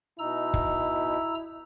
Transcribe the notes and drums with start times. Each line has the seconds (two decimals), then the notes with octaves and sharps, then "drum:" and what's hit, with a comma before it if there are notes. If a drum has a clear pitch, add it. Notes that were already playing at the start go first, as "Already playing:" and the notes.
0.19 B2 D#4 E4 A#5 E6
0.54 drum: kick